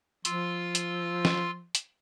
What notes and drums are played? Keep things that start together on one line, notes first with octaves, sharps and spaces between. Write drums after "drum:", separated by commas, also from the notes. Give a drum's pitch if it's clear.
F3 F4 C6 E6, drum: hi-hat
drum: hi-hat
drum: snare
drum: hi-hat